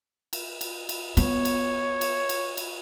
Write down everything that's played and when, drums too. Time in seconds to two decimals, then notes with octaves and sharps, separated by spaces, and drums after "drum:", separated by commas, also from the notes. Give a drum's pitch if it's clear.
0.33 drum: cymbal
0.61 drum: cymbal
0.89 drum: cymbal
1.17 B3 C#5, drum: cymbal
1.45 drum: cymbal
2.01 drum: cymbal
2.29 drum: cymbal
2.57 drum: cymbal